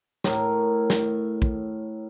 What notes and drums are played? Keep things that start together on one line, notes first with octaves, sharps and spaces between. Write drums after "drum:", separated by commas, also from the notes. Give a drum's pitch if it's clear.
A2 A#4, drum: snare
drum: snare
drum: kick